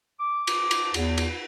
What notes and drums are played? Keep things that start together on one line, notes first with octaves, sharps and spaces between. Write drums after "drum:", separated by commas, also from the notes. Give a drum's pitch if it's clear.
D6
drum: cymbal
drum: cymbal
E2, drum: cymbal
drum: cymbal